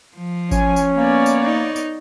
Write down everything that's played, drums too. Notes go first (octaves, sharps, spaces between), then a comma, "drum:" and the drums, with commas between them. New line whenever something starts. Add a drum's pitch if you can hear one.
F3
C#4 G#5, drum: kick G#1, tambourine
drum: tambourine
A#3 B3 C#5 D5
drum: tambourine
D#4
drum: tambourine